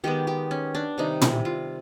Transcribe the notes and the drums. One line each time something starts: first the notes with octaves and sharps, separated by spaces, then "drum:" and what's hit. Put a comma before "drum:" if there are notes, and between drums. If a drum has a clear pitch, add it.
D#3 G#3 B3 G4
G4
C#4
D4
C3 D#3 G3 D#4
E4, drum: tom
F4